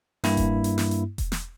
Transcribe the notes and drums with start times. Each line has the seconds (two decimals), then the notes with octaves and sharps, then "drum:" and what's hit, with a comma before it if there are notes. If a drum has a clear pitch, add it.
0.24 G2 A#3 E4, drum: snare
0.37 drum: kick E1, hi-hat
0.64 drum: hi-hat
0.78 drum: snare
0.91 drum: hi-hat
1.18 drum: kick E1, hi-hat
1.32 drum: snare